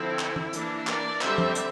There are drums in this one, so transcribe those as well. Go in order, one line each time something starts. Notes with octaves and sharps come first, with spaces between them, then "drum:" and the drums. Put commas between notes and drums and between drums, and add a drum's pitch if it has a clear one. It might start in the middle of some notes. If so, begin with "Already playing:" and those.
Already playing: D3 F3 C4 E4
drum: clap
drum: tom E3
E3 A#3 D4, drum: hi-hat
A#4 D5, drum: clap
D3 G3 C4 C5 E5, drum: clap
drum: tom F3
drum: hi-hat